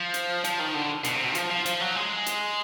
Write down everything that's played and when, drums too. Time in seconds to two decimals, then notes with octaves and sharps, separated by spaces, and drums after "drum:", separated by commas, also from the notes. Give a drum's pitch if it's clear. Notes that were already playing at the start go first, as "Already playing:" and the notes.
Already playing: F3
0.14 drum: hi-hat
0.44 F3, drum: hi-hat
0.60 D#3
0.75 D3
1.04 B2, drum: hi-hat
1.15 C3
1.25 B2
1.35 F3, drum: hi-hat
1.51 F3
1.66 F3, drum: hi-hat
1.81 F#3
1.96 G#3
2.26 drum: hi-hat